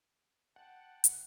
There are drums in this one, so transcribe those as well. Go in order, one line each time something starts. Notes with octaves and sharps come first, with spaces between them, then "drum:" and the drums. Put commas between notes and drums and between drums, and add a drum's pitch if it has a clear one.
F#5 G5 A5
drum: hi-hat